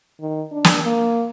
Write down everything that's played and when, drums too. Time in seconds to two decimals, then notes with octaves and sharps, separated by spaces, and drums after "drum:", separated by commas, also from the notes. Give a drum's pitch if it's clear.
0.21 D#3
0.52 D4
0.64 drum: snare
0.84 A#3